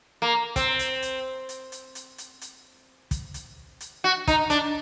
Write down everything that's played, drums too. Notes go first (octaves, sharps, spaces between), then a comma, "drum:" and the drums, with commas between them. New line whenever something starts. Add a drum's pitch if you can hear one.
A#3
C4, drum: kick, hi-hat
drum: hi-hat
drum: hi-hat
drum: hi-hat
drum: hi-hat
drum: hi-hat
drum: hi-hat
drum: hi-hat
drum: kick, hi-hat
drum: hi-hat
drum: hi-hat
F#4
D#4, drum: kick, hi-hat
D4, drum: hi-hat